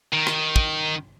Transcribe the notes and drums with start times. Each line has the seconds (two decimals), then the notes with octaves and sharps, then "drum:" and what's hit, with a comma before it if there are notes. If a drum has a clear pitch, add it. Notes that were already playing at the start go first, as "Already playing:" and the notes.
0.13 D#3
0.27 drum: rim click
0.56 drum: kick